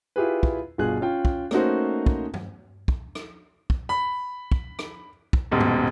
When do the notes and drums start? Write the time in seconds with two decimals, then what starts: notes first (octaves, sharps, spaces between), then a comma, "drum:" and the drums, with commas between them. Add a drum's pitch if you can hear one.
0.16 E4 F4 G4 G#4 B4
0.43 drum: kick
0.78 G1 B2 F4 G#4 F#6
1.01 C#4 F4 G5
1.25 drum: kick
1.51 A3 A#3 C#4 D#4 F#4 C5, drum: rim click
2.06 drum: kick
2.34 drum: tom G2
2.88 drum: kick
3.15 drum: rim click
3.70 drum: kick
3.89 B5
4.52 drum: kick
4.79 drum: rim click
5.33 drum: kick
5.51 D#1 G#2 B2
5.60 drum: tom G2